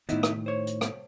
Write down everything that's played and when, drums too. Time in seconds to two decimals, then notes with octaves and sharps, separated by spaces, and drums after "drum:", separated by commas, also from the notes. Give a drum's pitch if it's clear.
0.09 A2 D#3 B3 D#4 E4, drum: hi-hat
0.23 drum: rim click
0.46 C5 C#5
0.67 drum: hi-hat
0.81 drum: rim click